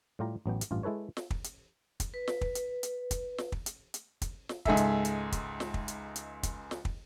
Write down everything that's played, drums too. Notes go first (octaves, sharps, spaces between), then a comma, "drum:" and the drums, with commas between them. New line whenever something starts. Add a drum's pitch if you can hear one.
A2 G3 F4 G4 A#5
A1 F#3 B3 G5
drum: hi-hat
A1 G2 F4
G#3 E4 A4 B4 C#5
drum: snare
drum: kick
drum: hi-hat
drum: kick, hi-hat
B4
drum: snare
drum: kick
drum: hi-hat
drum: hi-hat
drum: kick, hi-hat
drum: snare
drum: kick
drum: hi-hat
drum: hi-hat
drum: kick, hi-hat
drum: snare
C#2 G#2 G#4 A4 D#5 E5, drum: kick
drum: hi-hat
drum: hi-hat
drum: kick, hi-hat
drum: snare
drum: kick
drum: hi-hat
drum: hi-hat
drum: kick, hi-hat
drum: snare
drum: kick